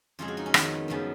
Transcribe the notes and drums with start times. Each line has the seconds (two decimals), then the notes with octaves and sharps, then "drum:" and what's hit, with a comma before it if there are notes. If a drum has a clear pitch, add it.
0.19 F2 C#3 G#3 F4
0.28 F#4
0.37 D#4
0.46 C#4
0.54 F2 D#3 G#3 B3, drum: rim click
0.88 F#2 C#3 F3 B3 C#4